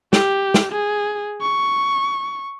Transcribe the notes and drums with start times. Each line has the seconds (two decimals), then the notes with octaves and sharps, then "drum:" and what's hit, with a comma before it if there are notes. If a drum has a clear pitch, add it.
0.13 G4, drum: snare
0.54 drum: snare
0.72 G#4
1.41 C#6